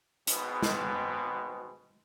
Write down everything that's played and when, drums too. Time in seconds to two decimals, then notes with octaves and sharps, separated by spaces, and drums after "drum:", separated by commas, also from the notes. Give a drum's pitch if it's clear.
0.27 G#1 B2 G#3 B3 C4, drum: hi-hat
0.62 drum: snare